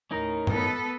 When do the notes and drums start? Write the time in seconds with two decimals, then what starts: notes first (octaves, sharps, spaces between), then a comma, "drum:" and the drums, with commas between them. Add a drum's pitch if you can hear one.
0.11 D#2 A2 C#4 D#4 A#4
0.47 B3 A4, drum: tom